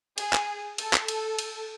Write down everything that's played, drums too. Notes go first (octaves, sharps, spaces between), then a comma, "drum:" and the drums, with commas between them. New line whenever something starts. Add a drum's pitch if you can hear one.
G#4, drum: cymbal
drum: clap
A4, drum: cymbal
drum: clap
drum: cymbal
drum: cymbal